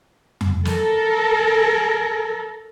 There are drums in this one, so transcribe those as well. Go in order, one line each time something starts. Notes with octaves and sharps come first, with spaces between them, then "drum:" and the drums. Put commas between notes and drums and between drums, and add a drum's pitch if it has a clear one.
drum: tom F2
A4 A#4, drum: snare